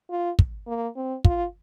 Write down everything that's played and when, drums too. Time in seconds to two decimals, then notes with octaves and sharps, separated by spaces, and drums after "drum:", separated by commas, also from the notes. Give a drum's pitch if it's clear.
0.10 F4
0.39 drum: kick
0.67 A#3
0.96 C4
1.25 F4, drum: kick